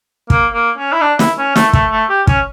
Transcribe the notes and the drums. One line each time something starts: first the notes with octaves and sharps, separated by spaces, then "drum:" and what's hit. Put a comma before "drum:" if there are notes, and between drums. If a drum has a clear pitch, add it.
A#3, drum: kick
A#3
C#4
E4
D4
E4, drum: snare
C#4
A3, drum: snare
A3, drum: kick
A3
G4
C#4, drum: kick